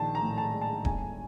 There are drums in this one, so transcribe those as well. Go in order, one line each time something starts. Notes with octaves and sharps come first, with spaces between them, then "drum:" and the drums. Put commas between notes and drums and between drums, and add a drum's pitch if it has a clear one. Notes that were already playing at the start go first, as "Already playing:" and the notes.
Already playing: A#1 D#3 A5
A#5
A2
A5
G#3
A5
G1 G#5, drum: kick D#1